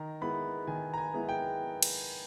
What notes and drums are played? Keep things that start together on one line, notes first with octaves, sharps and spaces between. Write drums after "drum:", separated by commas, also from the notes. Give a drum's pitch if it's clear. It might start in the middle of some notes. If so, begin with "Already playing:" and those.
Already playing: D#3 A#5
G#3 B3 E4 B5
D#3 G#5
A#5
G#5
G#3 B3 E4
G5
drum: cymbal